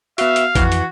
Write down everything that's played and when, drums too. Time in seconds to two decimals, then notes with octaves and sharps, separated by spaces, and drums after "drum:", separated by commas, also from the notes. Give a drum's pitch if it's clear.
0.18 B3 F#4 E5 F5, drum: hi-hat
0.36 drum: hi-hat
0.55 F2 E3 F#4, drum: kick A1, hi-hat
0.72 drum: hi-hat